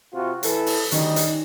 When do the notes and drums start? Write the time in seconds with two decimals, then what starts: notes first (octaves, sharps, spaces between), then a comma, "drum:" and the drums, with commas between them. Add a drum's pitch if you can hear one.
0.12 C3 F4 F#4
0.43 E3 A4, drum: hi-hat
0.66 drum: open hi-hat
0.91 D2 D#3 G3 C#4 D#4, drum: hi-hat
1.16 drum: hi-hat